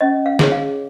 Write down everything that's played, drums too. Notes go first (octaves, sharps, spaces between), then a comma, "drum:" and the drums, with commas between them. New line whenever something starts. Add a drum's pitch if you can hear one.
C#4 D#5
F5
G#4 C#5, drum: snare
F5